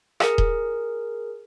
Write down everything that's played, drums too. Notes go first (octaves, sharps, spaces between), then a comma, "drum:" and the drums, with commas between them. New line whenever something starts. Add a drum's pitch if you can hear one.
G#4 A#4, drum: rim click
drum: kick D#1